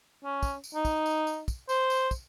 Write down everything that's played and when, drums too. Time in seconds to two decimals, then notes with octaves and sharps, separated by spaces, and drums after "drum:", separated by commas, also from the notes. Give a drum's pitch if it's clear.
0.24 C#4
0.43 drum: kick, tambourine
0.64 drum: tambourine
0.75 D#4
0.85 drum: kick, tambourine
1.06 drum: tambourine
1.27 drum: tambourine
1.48 drum: kick, tambourine
1.69 C5, drum: tambourine
1.90 drum: tambourine
2.11 drum: kick, tambourine